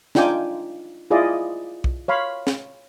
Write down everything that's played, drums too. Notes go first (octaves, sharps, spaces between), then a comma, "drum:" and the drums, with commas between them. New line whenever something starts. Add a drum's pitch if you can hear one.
D4 D#4 F4 G5 G#5 D6, drum: snare
E4 F4 G#4 D5 D#5
drum: kick
C#5 F5 B5 C6
drum: snare